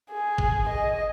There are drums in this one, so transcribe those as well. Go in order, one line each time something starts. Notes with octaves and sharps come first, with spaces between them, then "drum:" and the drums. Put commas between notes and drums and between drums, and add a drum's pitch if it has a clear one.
G#4
drum: kick G1
D#5